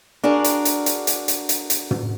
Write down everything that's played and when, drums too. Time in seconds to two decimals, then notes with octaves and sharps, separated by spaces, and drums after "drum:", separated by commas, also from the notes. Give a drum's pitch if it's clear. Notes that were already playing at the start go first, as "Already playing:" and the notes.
0.24 D4 F#4 G#4 A#4
0.44 drum: hi-hat
0.65 drum: hi-hat
0.86 drum: hi-hat
1.07 drum: hi-hat
1.28 drum: hi-hat
1.49 drum: hi-hat
1.70 drum: hi-hat
1.91 drum: tom